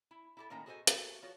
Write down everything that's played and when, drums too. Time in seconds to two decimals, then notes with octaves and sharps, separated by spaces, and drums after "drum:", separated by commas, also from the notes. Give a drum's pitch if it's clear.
0.11 E4
0.37 E4 G4 A4
0.50 A2 D#3 A#3 C#4 G5 A#5
0.66 F#4 G#4 A4 C5 D#5 G#5
0.87 F#4 A4, drum: hi-hat
1.22 F3 F4 F#4 C#5